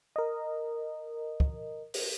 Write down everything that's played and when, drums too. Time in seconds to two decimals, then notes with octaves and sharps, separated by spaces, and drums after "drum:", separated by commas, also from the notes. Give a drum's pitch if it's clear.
0.16 A#4 D#5
1.40 drum: kick
1.94 drum: open hi-hat